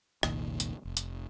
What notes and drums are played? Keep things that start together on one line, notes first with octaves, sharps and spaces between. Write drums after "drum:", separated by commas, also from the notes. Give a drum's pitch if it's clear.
F1 C2 A#2 D#3, drum: rim click
drum: hi-hat
F1
drum: hi-hat